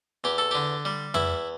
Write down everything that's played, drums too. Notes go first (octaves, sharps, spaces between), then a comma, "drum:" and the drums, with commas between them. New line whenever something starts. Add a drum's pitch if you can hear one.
E2 G4
A4
D3 G4
G3
E2 E4, drum: tom F2